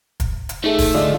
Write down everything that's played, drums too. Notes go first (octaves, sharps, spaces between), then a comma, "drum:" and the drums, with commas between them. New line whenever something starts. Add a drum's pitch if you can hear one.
drum: kick, hi-hat
drum: hi-hat
A3 D#4 G#4 A4
drum: kick, open hi-hat
D3 G#3 F4 D5 D#5